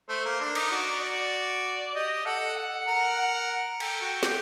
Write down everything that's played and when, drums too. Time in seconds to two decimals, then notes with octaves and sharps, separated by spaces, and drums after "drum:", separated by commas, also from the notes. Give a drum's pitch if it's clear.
0.09 A3 C5
0.25 A#3
0.41 D4 A#4
0.55 D#4, drum: cymbal
0.71 F#4 D5
1.02 D5
1.95 G4 D#5
2.25 A4 F#5
2.58 F#5
2.88 A#4
3.19 F#5
3.80 A4 G5, drum: cymbal
4.01 F#4
4.23 G4, drum: snare